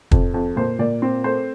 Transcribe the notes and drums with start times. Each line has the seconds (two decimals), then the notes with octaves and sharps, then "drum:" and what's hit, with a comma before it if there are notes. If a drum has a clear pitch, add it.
0.11 F2, drum: kick
0.34 F2
0.56 A#2 C5
0.79 A#2 D5
1.02 C4 C5
1.24 A3 C5